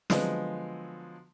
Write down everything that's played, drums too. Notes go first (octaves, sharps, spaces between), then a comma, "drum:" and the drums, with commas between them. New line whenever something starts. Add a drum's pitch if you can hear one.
D3 F3 F#3 G#3 B3, drum: snare